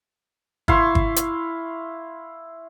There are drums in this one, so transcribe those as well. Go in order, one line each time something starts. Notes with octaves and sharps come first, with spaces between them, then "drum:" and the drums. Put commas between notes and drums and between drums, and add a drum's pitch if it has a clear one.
E4 F5 C6 C#6, drum: kick
drum: kick
drum: hi-hat